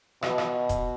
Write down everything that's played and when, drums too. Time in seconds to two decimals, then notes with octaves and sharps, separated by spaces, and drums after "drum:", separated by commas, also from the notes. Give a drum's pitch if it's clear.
0.23 B2, drum: rim click
0.38 drum: rim click
0.69 drum: kick D#1, hi-hat